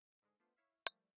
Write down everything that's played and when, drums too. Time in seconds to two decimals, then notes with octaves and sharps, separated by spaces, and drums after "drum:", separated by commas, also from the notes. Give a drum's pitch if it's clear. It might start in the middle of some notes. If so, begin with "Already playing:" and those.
0.22 G#2 D3 G#3
0.40 A3 B3 D4 F4 C5
0.56 E4 C#5 E5 F5
0.87 F3 G3 A3 A#3 E4, drum: hi-hat